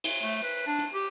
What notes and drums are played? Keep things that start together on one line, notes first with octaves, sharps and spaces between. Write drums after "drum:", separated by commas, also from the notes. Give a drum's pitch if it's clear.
drum: cymbal
A3
B4
D4
drum: hi-hat
G4